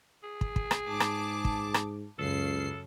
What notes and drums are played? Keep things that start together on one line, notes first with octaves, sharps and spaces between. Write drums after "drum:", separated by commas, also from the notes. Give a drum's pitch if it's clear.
G#4
drum: kick
drum: kick
drum: rim click
G#2 A5 D6
drum: rim click
drum: kick
drum: rim click
C#2 F#2 C#3 A4 C7